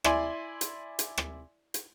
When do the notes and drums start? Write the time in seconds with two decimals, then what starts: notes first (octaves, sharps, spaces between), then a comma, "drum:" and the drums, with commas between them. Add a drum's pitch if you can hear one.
0.04 E4 D5 G#5 C6, drum: rim click
0.61 drum: hi-hat
0.99 drum: hi-hat
1.18 drum: rim click
1.74 drum: hi-hat